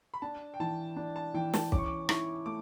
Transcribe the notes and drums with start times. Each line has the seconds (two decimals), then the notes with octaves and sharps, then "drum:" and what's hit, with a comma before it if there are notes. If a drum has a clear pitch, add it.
0.14 B5
0.22 D4 A5
0.54 G5
0.60 E3 A5
0.96 D4
1.16 A5
1.34 E3 G5
1.54 A5, drum: snare
1.72 C#4 D6, drum: kick
1.78 C#6
1.86 D6
2.09 E4 C#6, drum: rim click
2.46 A3 D6